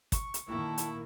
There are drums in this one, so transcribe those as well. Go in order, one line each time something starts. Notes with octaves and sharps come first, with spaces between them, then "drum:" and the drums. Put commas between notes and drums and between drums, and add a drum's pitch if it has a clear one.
C#6, drum: kick, hi-hat
drum: hi-hat
A#2 D#3 A#3 D4 E4 G4 A4
drum: hi-hat